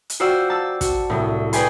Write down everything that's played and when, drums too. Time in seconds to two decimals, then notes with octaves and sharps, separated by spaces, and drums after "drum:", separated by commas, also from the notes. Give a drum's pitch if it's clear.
0.10 drum: hi-hat
0.20 F4 F#4 C5 D5 G5 E6
0.50 A5 E6
0.81 F#4, drum: kick, hi-hat
1.10 C2 A2
1.53 G#4 B4 D5 G5 G#5 C6, drum: hi-hat